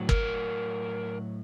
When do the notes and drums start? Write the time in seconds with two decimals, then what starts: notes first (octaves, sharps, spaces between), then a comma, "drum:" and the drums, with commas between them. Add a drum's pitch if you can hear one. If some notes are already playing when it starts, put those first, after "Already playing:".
Already playing: A2 F#3
0.09 A#4, drum: kick